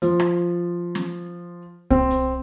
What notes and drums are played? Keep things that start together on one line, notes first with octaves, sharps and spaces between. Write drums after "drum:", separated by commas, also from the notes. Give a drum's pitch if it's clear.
F3, drum: hi-hat
drum: rim click
drum: snare
C4, drum: kick C2
drum: hi-hat